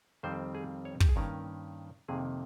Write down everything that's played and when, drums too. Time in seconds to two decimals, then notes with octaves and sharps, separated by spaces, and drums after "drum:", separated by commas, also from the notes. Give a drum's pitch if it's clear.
0.23 F2 D#3 G3 C4 C5
0.55 G#4
0.85 C#5
1.00 G4, drum: kick
1.09 G#4
1.16 G2 D#3 A#3 C#4 A#4
2.08 F2 C3 D#3 A#3 G#4